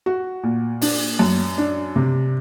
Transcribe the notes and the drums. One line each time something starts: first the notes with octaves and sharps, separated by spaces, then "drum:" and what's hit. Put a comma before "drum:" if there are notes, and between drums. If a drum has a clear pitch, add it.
F#4
A#2
D4, drum: open hi-hat
F#2
D4
C3